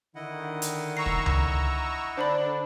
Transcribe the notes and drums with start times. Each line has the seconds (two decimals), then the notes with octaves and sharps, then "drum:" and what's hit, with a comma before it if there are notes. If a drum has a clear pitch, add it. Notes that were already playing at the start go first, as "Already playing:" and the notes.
0.15 D3 D#3 E4 D#5 F#5
0.62 drum: hi-hat
0.97 A#5 C#6 E6 C7
1.06 drum: kick
1.26 drum: tom C#2
2.17 D3 D4 C5 D5 B5